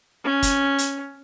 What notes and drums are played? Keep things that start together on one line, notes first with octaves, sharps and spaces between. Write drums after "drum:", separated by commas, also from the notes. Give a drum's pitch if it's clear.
C#4
drum: kick, hi-hat
drum: hi-hat